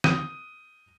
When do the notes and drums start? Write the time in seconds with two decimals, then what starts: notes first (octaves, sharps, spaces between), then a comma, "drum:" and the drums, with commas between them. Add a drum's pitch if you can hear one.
0.04 D#6 G6 D#7, drum: snare